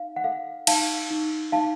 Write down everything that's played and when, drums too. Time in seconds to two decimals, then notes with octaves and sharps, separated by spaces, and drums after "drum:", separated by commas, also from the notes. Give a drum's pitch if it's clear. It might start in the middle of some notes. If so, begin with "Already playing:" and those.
Already playing: D#4 F5
0.16 F#5
0.24 A4 F5
0.67 D#4 F5 A5, drum: cymbal
1.11 D#4
1.52 D#4 F5 A5